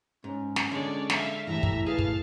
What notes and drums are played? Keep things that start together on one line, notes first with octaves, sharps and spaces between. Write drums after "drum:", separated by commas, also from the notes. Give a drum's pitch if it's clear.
G#2 C#4
drum: snare
D3 G#3 C#5 D5
E5 F5, drum: snare
A2 E3 G3 E5 A#5
drum: kick
G#4 B4 F5 A5
drum: kick